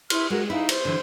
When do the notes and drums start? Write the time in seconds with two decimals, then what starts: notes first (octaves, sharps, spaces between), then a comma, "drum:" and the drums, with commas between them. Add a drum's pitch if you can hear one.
0.10 E4 C6 F6, drum: cymbal
0.30 G#3 F#4 A#4
0.50 D#4 E4 G#4 F5
0.69 C5, drum: cymbal
0.85 D3 E3